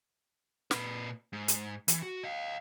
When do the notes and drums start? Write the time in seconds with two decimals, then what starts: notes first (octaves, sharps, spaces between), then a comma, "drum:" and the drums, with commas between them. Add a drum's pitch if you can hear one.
0.71 A#2 B4, drum: snare
1.33 G#2
1.48 drum: hi-hat
1.88 E3, drum: hi-hat
2.03 F#4
2.23 D#5 F5